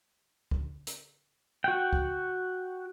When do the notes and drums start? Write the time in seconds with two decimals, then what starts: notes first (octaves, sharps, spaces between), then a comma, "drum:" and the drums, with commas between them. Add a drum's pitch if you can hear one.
0.51 drum: kick
0.87 drum: hi-hat
1.64 F#4 F#5 G5
1.93 drum: kick